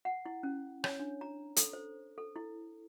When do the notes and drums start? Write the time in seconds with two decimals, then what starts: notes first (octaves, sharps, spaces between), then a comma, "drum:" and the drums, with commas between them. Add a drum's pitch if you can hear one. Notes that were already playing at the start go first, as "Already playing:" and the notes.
0.05 F#5
0.26 E4
0.43 C#4
0.84 C#5, drum: rim click
1.00 D4
1.21 A#5
1.56 A4, drum: hi-hat
1.73 C5
2.18 A4
2.36 E4